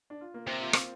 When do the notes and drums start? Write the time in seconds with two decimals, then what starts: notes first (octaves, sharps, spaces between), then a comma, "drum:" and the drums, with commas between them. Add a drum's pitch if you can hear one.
0.10 D4
0.21 F4
0.34 A#3
0.47 C3 C4
0.60 F4
0.73 F4, drum: rim click